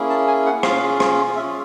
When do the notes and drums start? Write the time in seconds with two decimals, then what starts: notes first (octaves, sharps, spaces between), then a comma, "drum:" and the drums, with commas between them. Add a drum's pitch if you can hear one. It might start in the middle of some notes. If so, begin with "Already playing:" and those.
Already playing: A#3 C#4 E4 G#4
0.10 A5
0.27 G#5
0.46 F#5
0.63 C#4 F4 G#4 F5, drum: rim click
1.00 drum: rim click
1.36 C#4 F4 G#4 E5